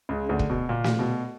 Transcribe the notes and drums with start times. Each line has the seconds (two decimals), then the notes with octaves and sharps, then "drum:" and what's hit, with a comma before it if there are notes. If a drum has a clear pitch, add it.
0.09 C#2 C#3
0.29 D2 D3
0.39 drum: kick
0.50 B2
0.69 A#2
0.84 drum: snare
0.99 B2